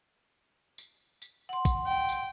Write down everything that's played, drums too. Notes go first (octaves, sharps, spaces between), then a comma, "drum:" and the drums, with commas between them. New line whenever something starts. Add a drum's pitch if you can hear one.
drum: tambourine
drum: tambourine
F#5 C6
drum: kick, tambourine
G5
drum: tambourine